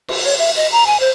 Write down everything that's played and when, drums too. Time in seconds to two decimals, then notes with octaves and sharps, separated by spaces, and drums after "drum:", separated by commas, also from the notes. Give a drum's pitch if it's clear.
0.08 drum: cymbal
0.25 C#5
0.38 E5
0.56 D#5
0.72 A#5
0.87 G#5
1.00 C5